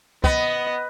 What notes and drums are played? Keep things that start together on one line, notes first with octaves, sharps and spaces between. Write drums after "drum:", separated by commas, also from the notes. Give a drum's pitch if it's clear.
B3 D#5, drum: kick